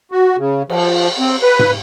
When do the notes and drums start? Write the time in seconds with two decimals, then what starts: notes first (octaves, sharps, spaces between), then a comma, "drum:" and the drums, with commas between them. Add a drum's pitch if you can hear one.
0.12 F#4
0.37 C#3
0.70 F3, drum: cymbal
1.19 C4
1.43 B4
1.59 drum: tom G#2